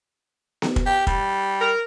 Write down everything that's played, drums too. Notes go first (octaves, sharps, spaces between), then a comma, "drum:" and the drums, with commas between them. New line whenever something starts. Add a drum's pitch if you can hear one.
drum: snare B3
drum: kick
G4
G3, drum: kick
A#4